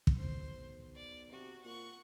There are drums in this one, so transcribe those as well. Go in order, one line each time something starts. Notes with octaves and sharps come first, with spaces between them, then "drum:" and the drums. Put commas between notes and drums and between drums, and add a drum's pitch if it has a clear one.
drum: kick
B1 C5
D5
C3 F#4
A#2 F#5 C#6